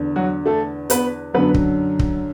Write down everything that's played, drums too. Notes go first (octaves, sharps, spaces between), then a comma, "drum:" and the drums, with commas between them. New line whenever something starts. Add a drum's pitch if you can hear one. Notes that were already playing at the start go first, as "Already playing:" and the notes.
Already playing: E2 D3
F#3 F#4
A3 A4
B3 B4, drum: hi-hat
F#2 D3 F#3 B3 B4
drum: kick
drum: kick